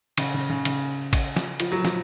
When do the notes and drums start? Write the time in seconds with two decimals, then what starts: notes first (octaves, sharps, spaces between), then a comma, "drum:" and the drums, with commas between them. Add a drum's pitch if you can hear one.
0.18 C#3, drum: cymbal
0.34 C#3
0.50 C#3
0.65 C#3, drum: cymbal
1.13 drum: kick A1, cymbal
1.36 drum: snare
1.60 F3, drum: cymbal
1.72 F#3
1.85 F3, drum: snare